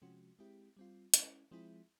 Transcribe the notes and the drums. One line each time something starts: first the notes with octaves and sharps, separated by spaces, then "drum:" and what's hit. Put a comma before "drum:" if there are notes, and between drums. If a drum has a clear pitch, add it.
C3 F3 G#3 C#4 F#4
G#3 C4 E4 G4
G3 C4 F4
G#3 C#4 E4, drum: hi-hat
F3 G#3 C4 E4 G#4